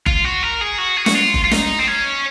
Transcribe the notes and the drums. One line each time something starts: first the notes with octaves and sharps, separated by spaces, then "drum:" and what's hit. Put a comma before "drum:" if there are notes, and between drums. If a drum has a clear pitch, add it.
F4, drum: kick F#1
F#4
A#4
G#4
F#4
G#4
F#4, drum: snare
F4
drum: kick F#1
F4
D#4, drum: snare
C4
C#4